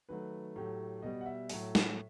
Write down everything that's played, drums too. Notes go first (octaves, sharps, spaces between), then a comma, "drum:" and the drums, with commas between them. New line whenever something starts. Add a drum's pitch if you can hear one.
D#3 F#3 A3 B4
A2 F#3 A3 G4
B2 G3 D#5
F#5
E5
A2 F#3 A3, drum: open hi-hat
drum: snare